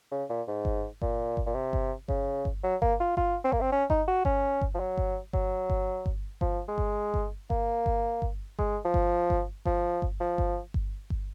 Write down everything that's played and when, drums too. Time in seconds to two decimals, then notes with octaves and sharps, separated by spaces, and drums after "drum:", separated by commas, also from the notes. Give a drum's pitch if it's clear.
0.11 C#3
0.29 A#2
0.47 G#2
0.65 drum: kick G1
1.02 A#2, drum: kick G1
1.37 drum: kick G1
1.46 A#2
1.54 C3
1.73 drum: kick G1
2.08 C#3, drum: kick G1
2.45 drum: kick G1
2.63 F#3
2.82 A#3, drum: kick G1
3.00 F4
3.17 F4, drum: kick G1
3.44 C4
3.52 A#3, drum: kick G1
3.61 C4
3.72 C#4
3.90 D#4, drum: kick G1
4.07 F#4
4.25 C#4, drum: kick G1
4.61 drum: kick G1
4.75 F3
4.80 F#3
4.97 drum: kick G1
5.33 F#3, drum: kick G1
5.70 drum: kick G1
6.06 drum: kick G1
6.41 F3, drum: kick G1
6.68 G#3
6.78 drum: kick G1
7.14 drum: kick G1
7.50 A#3, drum: kick G1
7.86 drum: kick G1
8.22 drum: kick G1
8.59 G#3, drum: kick G1
8.85 F3
8.94 drum: kick G1
9.30 drum: kick G1
9.66 F3, drum: kick G1
10.02 drum: kick G1
10.20 F3
10.38 drum: kick G1
10.74 drum: kick G1
11.10 drum: kick G1